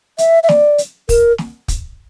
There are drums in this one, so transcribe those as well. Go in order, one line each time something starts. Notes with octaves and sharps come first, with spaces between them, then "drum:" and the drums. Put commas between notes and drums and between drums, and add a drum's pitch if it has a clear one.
E5, drum: hi-hat
E5
D5, drum: snare
drum: hi-hat
A#4, drum: kick, open hi-hat
drum: snare
drum: kick, hi-hat